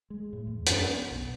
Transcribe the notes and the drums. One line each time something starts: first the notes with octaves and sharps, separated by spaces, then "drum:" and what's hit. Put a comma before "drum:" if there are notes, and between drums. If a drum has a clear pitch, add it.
G#3
A2
E2
F#2, drum: hi-hat
B3
B1